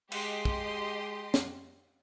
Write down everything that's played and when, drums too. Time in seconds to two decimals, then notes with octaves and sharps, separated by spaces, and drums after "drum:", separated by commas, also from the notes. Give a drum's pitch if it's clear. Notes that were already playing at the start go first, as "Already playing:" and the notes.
0.12 G#3 G4 D#5 C6, drum: cymbal
0.45 drum: kick
1.34 drum: snare